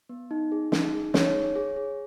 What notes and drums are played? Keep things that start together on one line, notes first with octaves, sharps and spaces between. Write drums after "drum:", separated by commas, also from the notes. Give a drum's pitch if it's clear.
B3
D#4
G#4
D#4, drum: snare
G#4
D#4 C#5, drum: snare
G#4
G#4
G#4